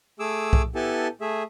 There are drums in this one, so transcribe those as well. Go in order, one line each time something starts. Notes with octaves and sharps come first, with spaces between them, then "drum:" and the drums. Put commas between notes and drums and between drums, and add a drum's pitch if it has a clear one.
A3 G#4 D6 E6
drum: kick B1
B3 E4 G4 A4 G#5 A5
A3 G#4 E5